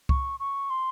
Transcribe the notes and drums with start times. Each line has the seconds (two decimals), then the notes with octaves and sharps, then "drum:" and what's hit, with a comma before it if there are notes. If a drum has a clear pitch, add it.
0.09 C#6, drum: kick C2
0.40 C#6
0.70 C6